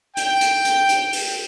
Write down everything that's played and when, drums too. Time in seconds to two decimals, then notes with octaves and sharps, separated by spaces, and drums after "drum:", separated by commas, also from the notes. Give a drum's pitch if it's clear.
0.17 G5, drum: hi-hat
0.41 drum: hi-hat
0.65 drum: hi-hat
0.89 drum: hi-hat
1.13 drum: open hi-hat